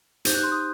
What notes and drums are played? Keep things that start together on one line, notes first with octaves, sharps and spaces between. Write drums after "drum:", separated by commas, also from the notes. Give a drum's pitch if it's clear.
D#4 G4 C5 G6, drum: hi-hat
F#6
C6
D#6